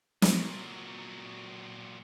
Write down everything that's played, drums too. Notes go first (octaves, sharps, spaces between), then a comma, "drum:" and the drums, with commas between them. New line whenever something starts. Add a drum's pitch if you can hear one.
A#2 F#3, drum: snare